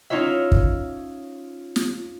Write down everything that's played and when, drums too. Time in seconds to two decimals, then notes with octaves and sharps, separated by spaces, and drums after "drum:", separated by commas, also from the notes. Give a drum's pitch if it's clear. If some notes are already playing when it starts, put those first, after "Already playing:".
0.10 C#4 D#4 F4 C#5 E5
0.52 drum: kick
1.76 drum: snare